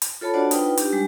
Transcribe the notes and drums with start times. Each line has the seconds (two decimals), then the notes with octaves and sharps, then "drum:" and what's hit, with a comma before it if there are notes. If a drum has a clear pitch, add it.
0.02 drum: hi-hat
0.21 F4 A4 C#5 A5 B5
0.34 D4 F#4 C5 D5 F#5 A5
0.51 D#4 F4 B4 G5 D#6, drum: hi-hat
0.77 D4 G4, drum: hi-hat
0.92 G3 G#3